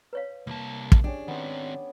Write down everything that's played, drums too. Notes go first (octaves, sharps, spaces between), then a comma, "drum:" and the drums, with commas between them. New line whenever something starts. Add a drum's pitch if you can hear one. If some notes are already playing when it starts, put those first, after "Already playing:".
B4 C#5 F5
C2 A#3 A5
drum: kick
C#4 D4 G4 G#4
D#3 B3 C4